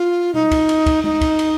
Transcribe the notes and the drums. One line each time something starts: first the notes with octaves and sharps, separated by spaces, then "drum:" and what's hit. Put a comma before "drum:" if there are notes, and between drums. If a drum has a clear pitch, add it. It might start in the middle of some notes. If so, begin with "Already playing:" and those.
Already playing: F4
D#4, drum: tom B2
drum: kick, cymbal
drum: cymbal
drum: kick, cymbal
D#4, drum: tom G#3
drum: kick, cymbal
drum: cymbal